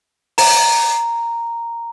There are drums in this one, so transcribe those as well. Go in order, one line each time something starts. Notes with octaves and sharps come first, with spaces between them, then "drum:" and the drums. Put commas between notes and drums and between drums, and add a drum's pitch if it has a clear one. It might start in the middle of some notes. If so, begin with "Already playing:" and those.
A#5, drum: open hi-hat